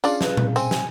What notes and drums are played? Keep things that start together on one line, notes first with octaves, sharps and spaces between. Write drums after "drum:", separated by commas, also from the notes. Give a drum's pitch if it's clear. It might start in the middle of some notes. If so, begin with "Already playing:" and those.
C#4 D4 F4 G#4 D5 F5, drum: tambourine
B4, drum: snare
drum: tom A#2
C4 G#5, drum: tambourine
drum: snare